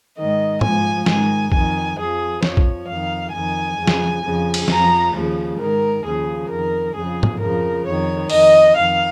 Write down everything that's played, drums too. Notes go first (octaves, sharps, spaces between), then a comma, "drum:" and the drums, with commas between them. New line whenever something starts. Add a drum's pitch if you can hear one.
G#2 D#3 D#5
G#2 F3 G#5, drum: tom
G#2 D#3 G#5, drum: snare
F2 D#3 G#5, drum: kick A#1
F2 F3 G#4
F2 F3 C#5, drum: snare
drum: kick A#1
F2 D#3 F5
F2 D#3 G#5
F2 C#3 F3
drum: snare
F2 C#3 F3
drum: cymbal
F2 A#5, drum: snare
F3
D#2 C#3 F3
G#2 D#3 A#4
D#2 C#3 F3 G#4
F2 D#3 A#4
F2 C#3 F3 G#4
drum: tom
F2 C#3 F3 A#4
F2 D#3 C#5
F2 D#3 D#5, drum: open hi-hat
F2 D#3 F5